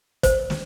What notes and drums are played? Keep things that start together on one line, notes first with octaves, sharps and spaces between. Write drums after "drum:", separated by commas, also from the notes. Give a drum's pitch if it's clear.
C5, drum: kick, hi-hat
drum: snare